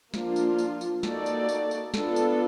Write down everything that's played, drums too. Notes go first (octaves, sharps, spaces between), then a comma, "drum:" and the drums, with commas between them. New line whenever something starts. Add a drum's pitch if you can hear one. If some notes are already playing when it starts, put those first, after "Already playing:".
F3 A#3 D4 F4, drum: snare
drum: tambourine
drum: tambourine
drum: tambourine
A#3 D#4 F#4 A4 D5, drum: snare
drum: tambourine
drum: tambourine
drum: tambourine
B3 D4 F4 A4, drum: snare
drum: tambourine